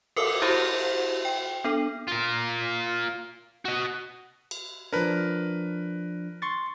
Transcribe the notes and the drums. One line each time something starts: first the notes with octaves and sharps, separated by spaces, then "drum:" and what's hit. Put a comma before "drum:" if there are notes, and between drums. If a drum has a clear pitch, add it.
A4 A#4 D6 E6, drum: cymbal
E4 F#4 G4 C5
G5
B3 D4 A4
F4 A#4
F#4 D#5
drum: cymbal
F3 D4 A#4 B4
C6 C#6 A6